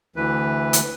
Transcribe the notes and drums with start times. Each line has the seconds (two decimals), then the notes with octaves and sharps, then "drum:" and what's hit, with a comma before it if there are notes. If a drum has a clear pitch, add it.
0.16 D2 E3 B4
0.73 drum: hi-hat